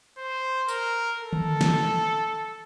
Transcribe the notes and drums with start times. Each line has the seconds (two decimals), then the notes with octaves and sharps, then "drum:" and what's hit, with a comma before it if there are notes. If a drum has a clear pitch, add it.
0.18 C5
0.68 A#4, drum: tambourine
1.20 A4
1.33 drum: tom D3
1.61 drum: snare